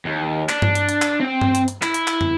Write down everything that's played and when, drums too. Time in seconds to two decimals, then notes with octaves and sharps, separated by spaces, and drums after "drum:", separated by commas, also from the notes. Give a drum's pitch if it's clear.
0.05 D#2
0.49 D4, drum: clap
0.62 drum: tom G2
0.75 drum: hi-hat
0.89 drum: hi-hat
1.02 drum: clap
1.20 C4 G5
1.41 drum: tom G2
1.55 drum: hi-hat
1.68 drum: hi-hat
1.83 E4, drum: clap
1.94 drum: hi-hat
2.08 drum: clap
2.21 drum: tom